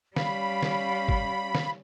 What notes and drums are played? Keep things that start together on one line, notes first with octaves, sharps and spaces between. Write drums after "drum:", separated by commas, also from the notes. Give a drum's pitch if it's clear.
G3 C#4 F5 B5, drum: snare
drum: snare
drum: kick
drum: snare